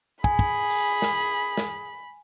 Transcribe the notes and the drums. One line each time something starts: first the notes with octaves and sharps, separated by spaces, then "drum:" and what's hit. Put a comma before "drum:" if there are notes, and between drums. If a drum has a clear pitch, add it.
G#4 G#5 B5, drum: kick
drum: kick
drum: open hi-hat
drum: snare
drum: snare